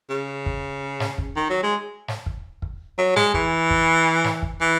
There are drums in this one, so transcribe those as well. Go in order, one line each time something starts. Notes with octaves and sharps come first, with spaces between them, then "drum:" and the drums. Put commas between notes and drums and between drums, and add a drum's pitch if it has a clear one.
C#3
drum: kick
drum: snare
drum: kick
D#3
F#3
G#3
drum: snare
drum: kick
drum: kick
F#3
G#3, drum: snare
E3, drum: kick
drum: kick
drum: snare
drum: kick
E3